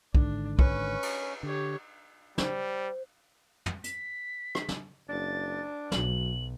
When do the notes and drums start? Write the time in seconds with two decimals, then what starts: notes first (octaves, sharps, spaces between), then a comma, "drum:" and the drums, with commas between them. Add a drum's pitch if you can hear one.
0.15 G#1 G#2 D3 D4, drum: kick
0.59 C#4 B4 C#6, drum: kick
1.03 drum: cymbal
1.43 D3 G4 C#5
2.38 G3 C5, drum: snare
3.66 drum: tom
3.84 B6, drum: hi-hat
4.55 drum: rim click
4.69 drum: snare
5.09 F#1 D4 A6
5.92 B1 F#3 F#7, drum: snare